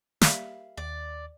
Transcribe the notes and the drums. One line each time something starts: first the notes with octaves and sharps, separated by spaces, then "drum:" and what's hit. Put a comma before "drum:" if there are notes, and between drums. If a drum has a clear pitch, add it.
G3 A#3 E5 F5 B5, drum: snare
D#2 D5